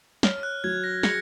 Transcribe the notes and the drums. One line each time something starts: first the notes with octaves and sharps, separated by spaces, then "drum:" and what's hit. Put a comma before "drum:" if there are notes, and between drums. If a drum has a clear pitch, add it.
C#5 F6, drum: snare
F#6
F#3 G#6
A#6
G#4 A#6 C#7, drum: snare